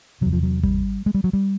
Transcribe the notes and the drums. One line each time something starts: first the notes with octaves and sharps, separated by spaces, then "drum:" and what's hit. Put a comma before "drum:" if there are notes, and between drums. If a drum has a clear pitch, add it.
E2 C3 F#3
F3
F#3
G3, drum: kick G#1
G#3
G3
F#3
G3